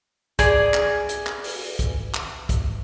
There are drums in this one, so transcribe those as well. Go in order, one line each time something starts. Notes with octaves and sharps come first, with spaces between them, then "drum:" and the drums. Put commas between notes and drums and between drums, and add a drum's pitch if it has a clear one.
G#4 D5, drum: kick, hi-hat
drum: clap
drum: hi-hat
drum: clap
drum: open hi-hat
drum: kick, hi-hat
drum: clap
drum: kick, hi-hat